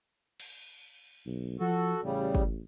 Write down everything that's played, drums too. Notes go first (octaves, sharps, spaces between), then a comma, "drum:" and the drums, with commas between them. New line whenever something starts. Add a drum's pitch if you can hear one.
drum: cymbal
B1
F3 F#4 A4
A1 C#3 G3
drum: kick